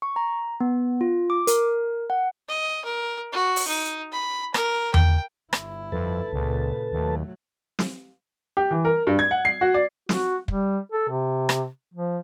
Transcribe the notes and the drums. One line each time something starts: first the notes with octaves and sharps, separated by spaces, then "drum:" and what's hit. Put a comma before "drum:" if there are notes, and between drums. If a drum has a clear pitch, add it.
C#6
A#5
B3
F4
D6
A#4, drum: hi-hat
F#5
D#5
A#4
F#4
drum: open hi-hat
D#4
B5
A#4, drum: rim click
G5, drum: tom E2
G1 E4, drum: rim click
F2 A4 B4 A5
C#2 A#2 C#3
D#2 F#3 A3
drum: snare
G4
E3
A#4
G2
G#6
F#5
C7
F#4
D5
F#4, drum: snare
G3, drum: kick
A4
C3
drum: rim click
F3